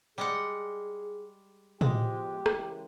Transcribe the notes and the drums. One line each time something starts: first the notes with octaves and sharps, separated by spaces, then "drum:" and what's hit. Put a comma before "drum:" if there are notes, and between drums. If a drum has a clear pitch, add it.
G3 G#3 G#4 F#5
B2 F3 G#3 G4, drum: tom
C#3 E3 A#4, drum: rim click